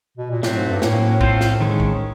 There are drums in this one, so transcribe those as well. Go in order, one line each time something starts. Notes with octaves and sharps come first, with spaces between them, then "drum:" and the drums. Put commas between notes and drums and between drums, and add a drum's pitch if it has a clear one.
B2
A#2
A2 F#3 A3 C4, drum: snare
G#2
G2
A2 F#3 A#3 C#4, drum: snare
C4 F4 A4 C5, drum: kick B1
drum: snare
D#3 G#3 C#4
drum: kick B1